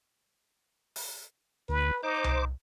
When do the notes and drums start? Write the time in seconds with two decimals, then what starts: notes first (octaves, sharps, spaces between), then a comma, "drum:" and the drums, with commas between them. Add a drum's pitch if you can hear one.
0.96 drum: open hi-hat
1.69 D2 B4
2.03 D#4 C5 D6
2.24 drum: tom C2